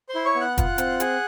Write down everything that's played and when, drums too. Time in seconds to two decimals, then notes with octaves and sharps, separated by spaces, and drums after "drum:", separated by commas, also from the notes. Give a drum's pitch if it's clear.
0.09 C5 C6
0.15 E4
0.25 C#5 C#6
0.35 B3
0.41 F#5 F#6
0.58 F4, drum: kick, hi-hat
0.78 C4, drum: hi-hat
1.00 G#4, drum: hi-hat